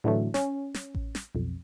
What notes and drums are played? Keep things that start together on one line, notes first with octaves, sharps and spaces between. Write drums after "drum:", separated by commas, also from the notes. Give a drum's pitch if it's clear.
A2 D3 E3 F#3 A3
C#4, drum: snare
drum: snare
drum: kick A1
drum: snare
B1 F2